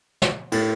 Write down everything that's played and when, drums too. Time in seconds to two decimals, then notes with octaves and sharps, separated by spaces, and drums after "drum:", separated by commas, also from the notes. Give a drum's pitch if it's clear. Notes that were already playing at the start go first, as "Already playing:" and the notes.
0.22 drum: snare
0.52 A2, drum: cymbal